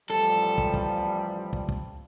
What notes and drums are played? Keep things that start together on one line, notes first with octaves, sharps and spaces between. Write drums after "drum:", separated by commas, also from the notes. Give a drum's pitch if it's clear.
A1 F3 G3 A4
drum: kick
drum: kick
drum: kick
drum: kick